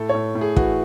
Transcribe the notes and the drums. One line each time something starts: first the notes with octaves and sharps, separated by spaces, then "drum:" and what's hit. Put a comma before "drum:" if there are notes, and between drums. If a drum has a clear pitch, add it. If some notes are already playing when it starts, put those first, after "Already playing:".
Already playing: A2 A4
C#5
A2
A2
G#4
E3 F#4, drum: kick